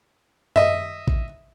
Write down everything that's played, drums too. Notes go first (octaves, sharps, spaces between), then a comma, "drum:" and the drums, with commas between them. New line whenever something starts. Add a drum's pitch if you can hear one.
D#5 E5, drum: tom F#2
drum: kick